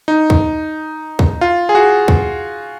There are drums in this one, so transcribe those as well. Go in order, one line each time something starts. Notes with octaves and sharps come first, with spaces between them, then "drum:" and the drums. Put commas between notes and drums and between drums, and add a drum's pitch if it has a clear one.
D#4
drum: kick
drum: kick
F4
G#4
F#4
drum: kick